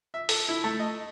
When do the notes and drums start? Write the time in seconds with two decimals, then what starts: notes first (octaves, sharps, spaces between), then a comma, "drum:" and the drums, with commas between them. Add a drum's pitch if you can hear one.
0.14 E5
0.29 A4, drum: open hi-hat
0.48 E4
0.64 A3
0.79 D#5